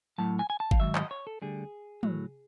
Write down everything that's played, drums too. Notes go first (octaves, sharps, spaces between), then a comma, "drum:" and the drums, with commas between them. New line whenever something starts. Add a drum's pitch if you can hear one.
A2 F#3 A5
G#5
G#5
A5
F5, drum: kick G1
G#2 D#3 F#3 E5
D#5, drum: clap
C#5
A4
D2 D3 G3 G#4
A2 F#3, drum: tom